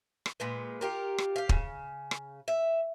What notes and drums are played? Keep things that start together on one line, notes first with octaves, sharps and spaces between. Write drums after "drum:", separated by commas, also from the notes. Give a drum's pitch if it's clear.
drum: rim click
A#2 G#3 B3
F4 G4 A#4
drum: rim click
G4 F5
C#3, drum: kick
drum: rim click
E5